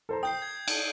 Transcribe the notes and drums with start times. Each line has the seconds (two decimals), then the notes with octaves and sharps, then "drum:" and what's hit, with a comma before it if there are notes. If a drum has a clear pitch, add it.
0.09 A4 C5 A#5
0.23 G5 D#6 G6 C7
0.42 G#6
0.68 drum: cymbal